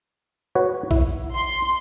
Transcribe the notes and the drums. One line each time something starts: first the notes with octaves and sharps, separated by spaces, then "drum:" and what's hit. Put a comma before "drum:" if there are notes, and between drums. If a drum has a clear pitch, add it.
F#4 B4 C#5
E4, drum: kick A#1
C6